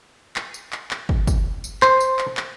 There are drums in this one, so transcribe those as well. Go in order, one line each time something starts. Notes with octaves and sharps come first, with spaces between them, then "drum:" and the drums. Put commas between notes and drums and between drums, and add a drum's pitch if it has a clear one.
drum: clap
drum: tambourine
drum: clap
drum: clap
drum: kick
drum: kick, tambourine
drum: tambourine
C5, drum: clap
drum: tambourine
drum: clap
drum: clap